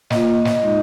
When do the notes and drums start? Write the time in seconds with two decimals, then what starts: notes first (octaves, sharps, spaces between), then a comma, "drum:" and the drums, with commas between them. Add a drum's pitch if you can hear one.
0.10 A#3 F4 D#5, drum: snare
0.45 drum: snare
0.62 G#3 D#4